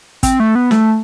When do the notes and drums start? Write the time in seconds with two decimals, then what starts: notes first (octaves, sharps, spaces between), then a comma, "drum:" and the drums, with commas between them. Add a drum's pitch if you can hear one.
0.23 C4, drum: kick, hi-hat
0.40 A3
0.55 B3
0.71 A3, drum: snare